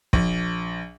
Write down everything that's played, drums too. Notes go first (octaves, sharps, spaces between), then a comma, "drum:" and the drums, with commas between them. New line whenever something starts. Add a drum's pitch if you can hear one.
A#1, drum: kick